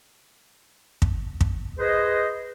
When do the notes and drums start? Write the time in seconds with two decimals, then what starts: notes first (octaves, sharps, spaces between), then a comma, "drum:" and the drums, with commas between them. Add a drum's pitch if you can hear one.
1.02 drum: kick
1.41 drum: kick
1.79 G#4 B4 C5 D#5